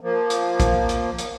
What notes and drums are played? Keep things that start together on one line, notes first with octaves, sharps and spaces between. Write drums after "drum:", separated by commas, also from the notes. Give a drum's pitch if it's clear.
F3 A#3
drum: hi-hat
drum: kick A#1, hi-hat
drum: hi-hat
drum: hi-hat